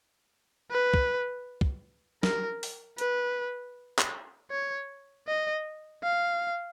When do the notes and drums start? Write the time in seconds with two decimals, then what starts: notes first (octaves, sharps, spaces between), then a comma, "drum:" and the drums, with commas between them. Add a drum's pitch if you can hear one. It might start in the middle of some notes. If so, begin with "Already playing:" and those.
0.71 B4
0.94 drum: kick
1.61 drum: kick
2.23 A#4, drum: snare
2.63 drum: open hi-hat
2.98 B4, drum: hi-hat
3.99 drum: clap
4.51 C#5
5.27 D#5
6.04 F5